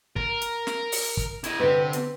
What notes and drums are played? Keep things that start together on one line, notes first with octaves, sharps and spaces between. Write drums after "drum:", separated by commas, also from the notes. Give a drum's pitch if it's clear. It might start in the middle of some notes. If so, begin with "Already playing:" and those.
A#4, drum: kick
drum: hi-hat
drum: snare
drum: open hi-hat
drum: kick
E4 D#5, drum: hi-hat
D3 C4 G4 B4
drum: hi-hat